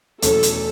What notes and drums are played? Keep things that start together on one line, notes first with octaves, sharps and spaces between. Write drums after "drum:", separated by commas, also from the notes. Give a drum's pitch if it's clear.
E2 B2 F#3 A3 C#4 A4, drum: hi-hat
drum: hi-hat